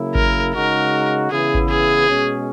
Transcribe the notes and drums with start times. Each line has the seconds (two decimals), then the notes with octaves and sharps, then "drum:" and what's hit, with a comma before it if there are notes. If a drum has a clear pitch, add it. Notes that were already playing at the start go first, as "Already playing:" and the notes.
Already playing: C#3 F#3 A#3 E4
0.15 A#4, drum: kick G#1
0.54 C#3 G#3 D#4 F#4 A#4
1.30 C#3 E3 B3 E4 G#4
1.55 drum: kick G#1
1.69 G#4
2.08 B2 G#3 C#4